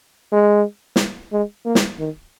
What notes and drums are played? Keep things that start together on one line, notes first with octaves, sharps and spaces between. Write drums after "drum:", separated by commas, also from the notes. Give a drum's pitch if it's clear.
G#3
drum: snare
G#3
A#3
drum: snare
D#3